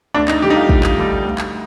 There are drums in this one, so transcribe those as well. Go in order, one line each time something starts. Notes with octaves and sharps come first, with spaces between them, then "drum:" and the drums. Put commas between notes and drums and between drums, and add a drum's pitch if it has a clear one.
D2 D4
D#4, drum: clap
D3 G3 G4
D#4
F4
D2, drum: kick
drum: clap
D3 G3
D2
drum: clap